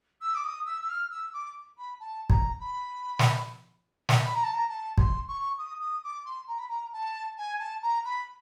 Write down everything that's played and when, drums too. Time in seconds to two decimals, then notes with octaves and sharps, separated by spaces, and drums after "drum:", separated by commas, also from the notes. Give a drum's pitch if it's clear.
0.21 E6
0.34 D6
0.44 D#6
0.66 E6
0.81 E6
0.89 F6
1.10 E6
1.33 D6
1.77 B5
2.00 A5
2.30 A#5, drum: kick
2.59 B5
3.19 drum: snare
4.09 drum: snare
4.24 B5
4.34 A#5
4.43 A5
4.53 A#5
4.68 A5
4.98 C6, drum: kick
5.28 C#6
5.58 D#6
5.80 D#6
6.03 D6
6.25 C6
6.47 A#5
6.58 B5
6.69 A#5
6.92 A5
7.37 G#5
7.59 A5
7.82 A#5
8.04 B5